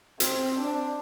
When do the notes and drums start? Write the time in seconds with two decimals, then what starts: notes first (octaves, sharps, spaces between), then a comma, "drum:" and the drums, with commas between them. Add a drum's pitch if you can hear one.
0.20 C4, drum: hi-hat
0.59 D4